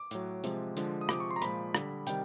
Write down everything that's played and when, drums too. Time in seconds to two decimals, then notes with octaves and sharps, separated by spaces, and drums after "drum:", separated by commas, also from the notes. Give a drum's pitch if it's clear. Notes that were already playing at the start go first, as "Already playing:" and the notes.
Already playing: D6
0.11 A2 F#3, drum: hi-hat
0.44 C3 F3 G#3, drum: hi-hat
0.77 D3 F3 G#3, drum: hi-hat
1.01 D#6
1.09 C3 F3 G#3 D6, drum: rim click
1.20 C#6
1.31 C6
1.36 A#5
1.42 A#2 F3 G#3 B5, drum: hi-hat
1.75 D3 G3, drum: rim click
2.07 C3 D#3 G3 G5, drum: hi-hat